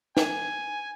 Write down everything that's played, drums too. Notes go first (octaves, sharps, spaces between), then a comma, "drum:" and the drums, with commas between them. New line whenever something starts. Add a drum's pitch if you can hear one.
G#5, drum: snare